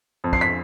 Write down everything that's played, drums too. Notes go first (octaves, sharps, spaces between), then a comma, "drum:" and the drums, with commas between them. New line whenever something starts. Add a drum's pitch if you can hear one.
F2
C7, drum: kick
B6